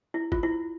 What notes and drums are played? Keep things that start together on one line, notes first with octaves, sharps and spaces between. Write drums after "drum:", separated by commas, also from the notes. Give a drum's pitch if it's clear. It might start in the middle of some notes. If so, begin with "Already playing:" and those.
E4
F4, drum: kick
E4